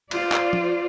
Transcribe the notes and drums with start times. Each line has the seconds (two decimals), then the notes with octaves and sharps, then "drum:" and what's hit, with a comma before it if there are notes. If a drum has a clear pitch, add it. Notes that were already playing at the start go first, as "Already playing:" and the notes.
0.11 F4 C5 D5, drum: cymbal
0.32 drum: clap
0.53 drum: tom F3